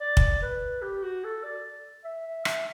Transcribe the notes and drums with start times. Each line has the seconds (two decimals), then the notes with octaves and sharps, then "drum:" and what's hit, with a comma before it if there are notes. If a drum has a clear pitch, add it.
0.01 D5
0.17 drum: kick
0.42 B4
0.82 G4
1.03 F#4
1.24 A4
1.43 D5
2.04 E5
2.45 E5, drum: rim click